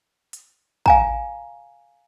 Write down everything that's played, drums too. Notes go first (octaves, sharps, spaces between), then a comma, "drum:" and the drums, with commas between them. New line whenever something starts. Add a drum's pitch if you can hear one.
drum: hi-hat
F5 G#5 A#5, drum: kick